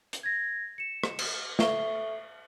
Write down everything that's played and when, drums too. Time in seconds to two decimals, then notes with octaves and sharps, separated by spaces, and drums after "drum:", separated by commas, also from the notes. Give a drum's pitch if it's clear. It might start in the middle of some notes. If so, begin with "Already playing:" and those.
0.13 drum: hi-hat
0.23 G#6 A#6
0.78 C#7 E7
1.03 drum: rim click
1.19 drum: cymbal
1.59 A4 E5 C#6 C7 G7, drum: snare